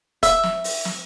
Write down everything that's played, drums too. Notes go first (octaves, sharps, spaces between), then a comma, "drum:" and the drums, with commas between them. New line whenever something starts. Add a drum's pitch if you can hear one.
E5, drum: kick, hi-hat
drum: snare
drum: open hi-hat
drum: snare